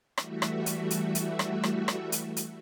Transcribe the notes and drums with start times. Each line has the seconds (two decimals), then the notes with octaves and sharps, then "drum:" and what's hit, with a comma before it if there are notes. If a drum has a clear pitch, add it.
0.18 E3 G3 A3 F#4 E5, drum: rim click
0.42 drum: rim click
0.66 drum: hi-hat
0.91 drum: hi-hat
1.15 drum: hi-hat
1.39 drum: rim click
1.64 drum: rim click
1.88 drum: rim click
2.12 drum: hi-hat
2.37 drum: hi-hat